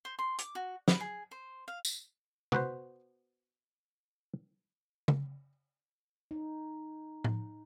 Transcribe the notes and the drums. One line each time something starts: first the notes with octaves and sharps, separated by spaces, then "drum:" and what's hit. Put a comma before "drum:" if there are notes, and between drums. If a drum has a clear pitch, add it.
C5
C6
D6, drum: hi-hat
F#4
B4, drum: snare
G#4
C5
F5
drum: tambourine
B3 F#4 B4 C5, drum: tom
drum: tom
D#4
drum: tom A2